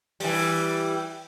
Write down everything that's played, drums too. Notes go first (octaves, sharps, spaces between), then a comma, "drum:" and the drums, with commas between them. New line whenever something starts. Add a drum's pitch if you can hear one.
E3 G3, drum: open hi-hat